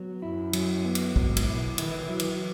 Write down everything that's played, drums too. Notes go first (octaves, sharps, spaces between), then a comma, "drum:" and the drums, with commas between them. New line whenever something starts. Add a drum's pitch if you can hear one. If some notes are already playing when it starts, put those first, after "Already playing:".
Already playing: F#3 B3
F#2 E4
F#3, drum: cymbal
B3
drum: cymbal
G#2 F#3, drum: kick
drum: cymbal
B2 E4
E3 E4, drum: cymbal
F#3
drum: cymbal